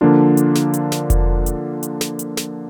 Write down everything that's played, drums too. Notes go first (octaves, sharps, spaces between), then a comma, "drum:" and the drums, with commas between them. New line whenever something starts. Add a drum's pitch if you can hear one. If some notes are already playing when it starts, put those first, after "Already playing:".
D3 F3 A#3 D4 F4
drum: hi-hat
drum: snare
drum: hi-hat
drum: snare
drum: kick F1, hi-hat
drum: hi-hat
drum: hi-hat
drum: snare
drum: hi-hat
drum: snare